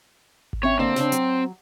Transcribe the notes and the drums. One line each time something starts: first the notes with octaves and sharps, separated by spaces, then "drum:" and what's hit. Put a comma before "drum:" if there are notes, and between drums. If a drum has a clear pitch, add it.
drum: kick G#1
C4 C#4 C#5 E5
D3 A#3 C4 D5
C#3 D4, drum: snare
F#3, drum: hi-hat